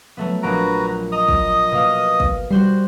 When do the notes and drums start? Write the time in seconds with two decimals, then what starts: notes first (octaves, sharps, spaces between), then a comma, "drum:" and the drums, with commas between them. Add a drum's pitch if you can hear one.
0.17 F#3 A3 B3
0.43 A#1 F#4 B4 A#5 F#6 D7
1.12 D#5 A#5 D#6
1.28 drum: kick
1.71 B2 A#3 F5
2.20 drum: kick
2.50 G3 F#4 C5 C7